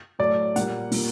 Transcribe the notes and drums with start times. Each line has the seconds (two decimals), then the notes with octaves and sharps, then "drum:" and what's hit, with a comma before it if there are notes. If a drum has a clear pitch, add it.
0.19 A2 F#3 A3 D5
0.56 A#2 G3 A#3 F#5, drum: hi-hat
0.92 A#2 G3 A#3, drum: open hi-hat